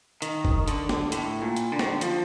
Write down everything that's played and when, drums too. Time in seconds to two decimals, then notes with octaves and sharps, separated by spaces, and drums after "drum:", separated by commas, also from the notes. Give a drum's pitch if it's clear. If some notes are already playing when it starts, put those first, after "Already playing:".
0.22 D#3, drum: hi-hat
0.45 drum: kick F#1
0.68 D3, drum: hi-hat
0.89 drum: snare
1.12 A2, drum: hi-hat
1.42 A#2
1.56 drum: hi-hat
1.72 D3
1.79 D#3, drum: snare
1.89 D3
2.01 F3, drum: hi-hat